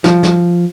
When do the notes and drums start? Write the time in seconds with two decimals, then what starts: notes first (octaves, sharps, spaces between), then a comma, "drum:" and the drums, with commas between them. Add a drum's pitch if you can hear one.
0.04 F3, drum: snare
0.23 drum: snare